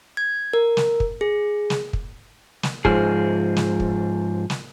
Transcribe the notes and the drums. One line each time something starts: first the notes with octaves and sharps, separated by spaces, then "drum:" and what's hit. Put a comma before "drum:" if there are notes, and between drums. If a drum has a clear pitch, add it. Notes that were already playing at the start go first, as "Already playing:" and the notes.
G#6
A#4
drum: snare
drum: kick
G#4
drum: snare
drum: kick
drum: snare
G#2 F3 G#4, drum: kick
drum: snare
drum: kick
drum: snare